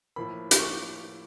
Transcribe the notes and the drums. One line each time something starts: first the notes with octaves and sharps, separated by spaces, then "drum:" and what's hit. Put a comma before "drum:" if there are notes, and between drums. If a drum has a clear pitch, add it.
A2 F3 A#3 B5
D6, drum: hi-hat
C#6